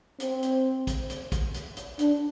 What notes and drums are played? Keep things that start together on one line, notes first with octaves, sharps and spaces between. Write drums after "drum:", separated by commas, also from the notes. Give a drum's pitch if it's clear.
C4, drum: hi-hat
drum: hi-hat
drum: kick, hi-hat
drum: hi-hat
drum: kick, hi-hat
drum: hi-hat
drum: hi-hat
D4, drum: hi-hat